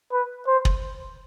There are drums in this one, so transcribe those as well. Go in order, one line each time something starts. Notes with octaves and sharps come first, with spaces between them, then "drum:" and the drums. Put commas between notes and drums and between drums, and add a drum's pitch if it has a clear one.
B4
C5
drum: kick